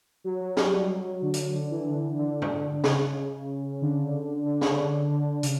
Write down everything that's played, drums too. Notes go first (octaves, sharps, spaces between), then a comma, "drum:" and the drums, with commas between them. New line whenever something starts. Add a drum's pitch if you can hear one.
F#3
F#3
G3, drum: snare
F#3
D3
drum: hi-hat
D3
E3
D3
D3
drum: tom
D3
C#3, drum: snare
D3
D3
C#3, drum: snare
C#3
D3
D3
D3
C#3, drum: hi-hat